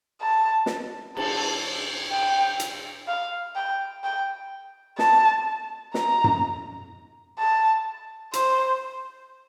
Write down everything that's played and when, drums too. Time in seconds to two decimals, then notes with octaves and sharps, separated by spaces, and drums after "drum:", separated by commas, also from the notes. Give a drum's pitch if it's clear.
0.21 A5
0.66 drum: snare
1.17 A5, drum: cymbal
2.12 G5
2.60 drum: hi-hat
3.08 F5
3.55 G5
4.04 G5
4.99 A5, drum: snare
5.94 A#5, drum: snare
6.24 drum: tom F#2
7.39 A5
8.33 C5, drum: hi-hat